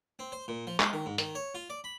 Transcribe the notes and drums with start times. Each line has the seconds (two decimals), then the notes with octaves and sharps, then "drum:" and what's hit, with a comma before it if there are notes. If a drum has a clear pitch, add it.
0.19 C4
0.32 C5
0.48 A#2
0.67 F3
0.80 G#3, drum: clap
0.93 D#3
1.06 G#2
1.18 D#3, drum: hi-hat
1.35 C#5
1.55 F4
1.70 D5
1.84 B5